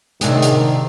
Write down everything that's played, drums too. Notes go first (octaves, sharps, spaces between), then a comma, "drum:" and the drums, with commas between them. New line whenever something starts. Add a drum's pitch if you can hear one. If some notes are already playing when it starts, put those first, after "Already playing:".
C3 D#3 D4 G#4, drum: hi-hat
drum: hi-hat